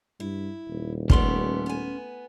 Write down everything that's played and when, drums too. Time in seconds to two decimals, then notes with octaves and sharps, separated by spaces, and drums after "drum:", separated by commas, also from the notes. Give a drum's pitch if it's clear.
0.20 G2 E4
0.69 D#1
1.10 G3 A3 B3 C#4 C6, drum: kick
1.66 B3 G#5